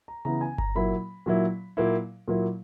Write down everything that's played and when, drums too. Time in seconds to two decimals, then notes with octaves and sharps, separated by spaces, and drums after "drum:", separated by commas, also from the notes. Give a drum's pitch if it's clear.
0.08 A#5
0.25 C#3 E3 B3 E4 A#5
0.41 G#5
0.58 A#5, drum: kick G1
0.75 A#2 F#3 A#3 E4 B5
1.26 A#2 F#3 A#3 E4
1.77 A#2 F#3 A#3 E4
2.28 A#2 F#3 A#3 E4